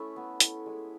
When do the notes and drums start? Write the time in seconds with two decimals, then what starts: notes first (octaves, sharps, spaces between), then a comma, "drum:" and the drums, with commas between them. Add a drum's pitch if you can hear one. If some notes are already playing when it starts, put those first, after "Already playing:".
Already playing: A3 C#4 E4 A4 B4
0.16 B3
0.40 E4, drum: hi-hat
0.66 G#3